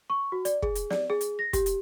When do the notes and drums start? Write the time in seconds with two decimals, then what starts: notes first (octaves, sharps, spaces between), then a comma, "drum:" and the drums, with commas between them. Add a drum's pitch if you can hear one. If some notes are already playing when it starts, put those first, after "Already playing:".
0.10 C#6
0.32 F#4
0.45 D5, drum: hi-hat
0.62 G#4, drum: kick
0.75 drum: hi-hat
0.90 D5, drum: snare
1.10 G#4
1.21 drum: hi-hat
1.39 A#6
1.53 G4, drum: kick, hi-hat
1.66 drum: hi-hat